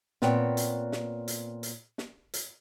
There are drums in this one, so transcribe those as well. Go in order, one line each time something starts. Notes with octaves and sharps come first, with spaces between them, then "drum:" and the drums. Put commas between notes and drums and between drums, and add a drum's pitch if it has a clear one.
A#2 B3 C4 C#5 G5, drum: snare
drum: hi-hat
drum: snare
drum: hi-hat
drum: hi-hat
drum: snare
drum: hi-hat